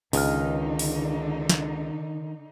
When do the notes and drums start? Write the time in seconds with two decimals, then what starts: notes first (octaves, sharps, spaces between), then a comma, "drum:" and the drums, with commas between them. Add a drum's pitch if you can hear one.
0.13 C#2 D3 D#3 D#4 D#5 F6, drum: open hi-hat
0.79 drum: open hi-hat
1.49 drum: snare